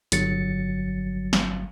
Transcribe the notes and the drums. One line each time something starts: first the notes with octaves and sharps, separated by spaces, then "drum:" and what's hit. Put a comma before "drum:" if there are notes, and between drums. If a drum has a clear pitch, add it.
G1 F#3 A6 C#7, drum: hi-hat
drum: snare